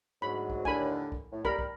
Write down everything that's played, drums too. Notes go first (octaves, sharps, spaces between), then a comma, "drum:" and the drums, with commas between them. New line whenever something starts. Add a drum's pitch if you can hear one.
D2 G#2 F#3 B5
drum: kick
D#2 A2 D3 G#5 B5, drum: kick
drum: kick
A2
G3 A#4 B5, drum: kick
drum: kick